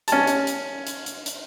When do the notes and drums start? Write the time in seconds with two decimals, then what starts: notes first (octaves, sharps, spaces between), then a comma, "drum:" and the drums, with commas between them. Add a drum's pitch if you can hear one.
0.08 C#4 A5, drum: hi-hat
0.27 drum: hi-hat
0.47 drum: hi-hat
0.87 drum: hi-hat
1.06 drum: hi-hat
1.26 drum: hi-hat